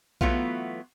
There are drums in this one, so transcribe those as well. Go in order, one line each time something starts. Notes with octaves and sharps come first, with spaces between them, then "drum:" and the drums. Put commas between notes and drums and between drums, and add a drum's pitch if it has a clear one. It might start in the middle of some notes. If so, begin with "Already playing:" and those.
E3 F#3 A3 B3 F4, drum: kick A#1